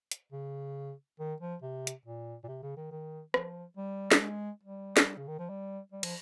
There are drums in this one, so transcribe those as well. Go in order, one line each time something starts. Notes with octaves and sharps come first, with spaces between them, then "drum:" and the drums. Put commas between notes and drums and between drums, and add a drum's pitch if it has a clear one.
drum: hi-hat
C#3
D#3
F3
C3
drum: hi-hat
A#2
A#2
C3
C#3
D#3
D#3
F3, drum: rim click
G3
G3, drum: snare
G#3
G3
drum: snare
C#3
D#3
F3
G3
G3
F3, drum: cymbal